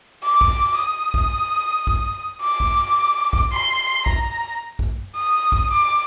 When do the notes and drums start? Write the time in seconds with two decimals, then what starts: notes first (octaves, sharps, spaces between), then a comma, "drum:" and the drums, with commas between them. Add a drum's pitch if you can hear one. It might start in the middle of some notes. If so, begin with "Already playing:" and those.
0.23 D6
0.41 drum: kick A#1
0.77 D#6
1.14 drum: kick A#1
1.87 drum: kick A#1
2.42 D6
2.60 drum: kick A#1
3.33 drum: kick A#1
3.51 C6
4.06 A#5, drum: kick A#1
4.79 drum: kick A#1
5.16 D#6
5.52 drum: kick A#1
5.70 D6